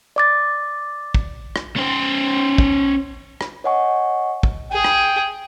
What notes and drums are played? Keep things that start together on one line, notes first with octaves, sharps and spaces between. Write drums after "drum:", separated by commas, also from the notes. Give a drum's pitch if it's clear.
D5 D6 A6
drum: kick
drum: rim click
C#4 C5
drum: kick
drum: rim click
C#5 D#5 F#5 G#5 C#6
drum: kick
G#4 G5
drum: rim click